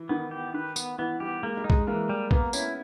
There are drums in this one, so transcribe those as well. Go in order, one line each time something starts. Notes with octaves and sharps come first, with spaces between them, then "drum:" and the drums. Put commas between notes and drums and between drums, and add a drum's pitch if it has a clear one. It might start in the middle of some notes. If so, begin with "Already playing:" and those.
Already playing: E3
D#3 B3
G4
D#3 B4
B3, drum: tambourine
E3 B3
G3 G4
G#3 A#3
G3
D#4
G#3, drum: kick B1
E3 A#3
G3
A#3 B3, drum: kick B1
C#4 E4, drum: tambourine